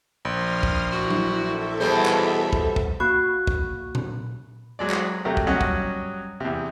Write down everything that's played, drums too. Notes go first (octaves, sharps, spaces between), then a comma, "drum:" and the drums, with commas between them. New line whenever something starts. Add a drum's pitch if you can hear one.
A#1 C6 D#6 F6
drum: kick
E4 F#4
drum: tom F#3
A4 E5
E2 B2 G3 C5
drum: clap
drum: kick
drum: kick
A#3 F#4 B5 C#6 F#6
drum: kick
drum: tom A#2
F#3 G#3 D5
drum: clap
C3 F#3 A3 G4 A#4
drum: kick
G2 F#3 C#4 D#5 F#5 C#6
drum: kick
E2 C3